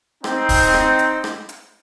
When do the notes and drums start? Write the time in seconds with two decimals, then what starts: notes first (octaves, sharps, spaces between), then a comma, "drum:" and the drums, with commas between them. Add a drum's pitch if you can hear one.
0.24 C4 D#4, drum: rim click
0.49 drum: kick D1, open hi-hat
0.74 drum: rim click
0.99 drum: hi-hat
1.24 drum: rim click
1.49 drum: hi-hat